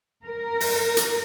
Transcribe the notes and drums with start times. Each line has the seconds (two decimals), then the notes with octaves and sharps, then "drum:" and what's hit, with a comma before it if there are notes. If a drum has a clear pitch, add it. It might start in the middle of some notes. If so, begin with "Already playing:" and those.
0.24 A#4
0.60 drum: open hi-hat
0.97 drum: hi-hat